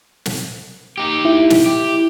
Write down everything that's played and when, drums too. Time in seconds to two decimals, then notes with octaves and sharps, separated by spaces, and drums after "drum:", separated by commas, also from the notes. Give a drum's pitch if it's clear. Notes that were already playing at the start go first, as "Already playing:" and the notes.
0.26 drum: snare
0.98 D#4 G4
1.25 E4
1.50 drum: snare
1.66 G4